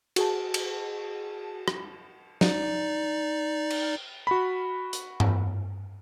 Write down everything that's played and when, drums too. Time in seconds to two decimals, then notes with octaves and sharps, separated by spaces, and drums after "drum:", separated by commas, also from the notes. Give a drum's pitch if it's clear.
0.16 F#4 G#4 A5, drum: cymbal
0.54 drum: cymbal
1.68 drum: rim click
2.41 D#4 D5, drum: snare
3.70 drum: cymbal
4.27 F#4 B5
4.93 drum: hi-hat
5.20 drum: tom G2